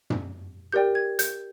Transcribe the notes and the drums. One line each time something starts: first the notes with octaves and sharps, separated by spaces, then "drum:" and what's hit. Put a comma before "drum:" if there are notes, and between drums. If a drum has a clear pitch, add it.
drum: tom
G4 A#4 D5 G5 G6
G#6
G6, drum: hi-hat